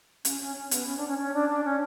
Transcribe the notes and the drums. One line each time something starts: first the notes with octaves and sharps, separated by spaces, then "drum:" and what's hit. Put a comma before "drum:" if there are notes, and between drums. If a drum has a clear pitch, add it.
C#4, drum: hi-hat
C#4
C#4
B3, drum: hi-hat
C#4
D4
C#4
C#4
D4
D4
C#4